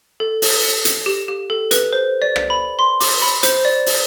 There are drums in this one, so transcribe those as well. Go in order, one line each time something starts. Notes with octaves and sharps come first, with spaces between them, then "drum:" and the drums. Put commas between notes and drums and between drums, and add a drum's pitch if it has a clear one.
A4
drum: open hi-hat
drum: hi-hat
G4
G4
A4
B4, drum: hi-hat
C5
D5
drum: rim click
B5
C6
D6, drum: open hi-hat
B5
C5, drum: hi-hat
C5
D5
drum: open hi-hat